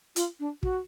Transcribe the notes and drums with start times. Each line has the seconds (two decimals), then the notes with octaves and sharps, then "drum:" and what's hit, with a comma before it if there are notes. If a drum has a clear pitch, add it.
0.16 F4, drum: hi-hat
0.40 D4
0.63 F#4, drum: kick